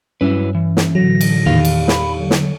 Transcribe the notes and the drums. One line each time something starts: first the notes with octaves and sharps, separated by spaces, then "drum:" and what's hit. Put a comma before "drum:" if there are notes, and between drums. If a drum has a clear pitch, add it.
G2 F#3 C#4 E4 B4
E3
drum: snare
A2 D3 F#3 A#6
drum: cymbal
E2 A#2 D#3 G4 F5
drum: cymbal
B5, drum: snare
D3 F#3
drum: snare